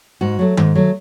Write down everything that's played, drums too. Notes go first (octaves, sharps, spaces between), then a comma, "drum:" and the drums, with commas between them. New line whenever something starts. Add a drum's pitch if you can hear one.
G#2 F#4
F#3 A3
G#2, drum: tom D#3
F#3 A3